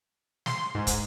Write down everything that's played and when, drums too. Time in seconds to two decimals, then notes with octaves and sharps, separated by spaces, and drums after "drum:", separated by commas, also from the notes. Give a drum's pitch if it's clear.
0.46 C6, drum: snare
0.75 G#2
0.87 drum: kick, hi-hat